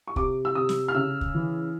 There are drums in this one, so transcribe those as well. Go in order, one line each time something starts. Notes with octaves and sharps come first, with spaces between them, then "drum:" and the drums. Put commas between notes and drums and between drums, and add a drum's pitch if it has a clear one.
C#6
C3 D6, drum: kick
E6
C3 D#6
drum: snare
F6
C#3 E6
drum: kick
E3